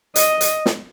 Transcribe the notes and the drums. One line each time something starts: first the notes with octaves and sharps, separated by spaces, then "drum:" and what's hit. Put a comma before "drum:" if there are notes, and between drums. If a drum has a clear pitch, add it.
D#5, drum: hi-hat
drum: hi-hat
drum: snare